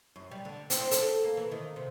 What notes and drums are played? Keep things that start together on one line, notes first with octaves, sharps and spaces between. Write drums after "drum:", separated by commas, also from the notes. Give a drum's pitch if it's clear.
F#2
G3
D3
C4, drum: hi-hat
A4, drum: hi-hat
A#3
E3
D#3
C3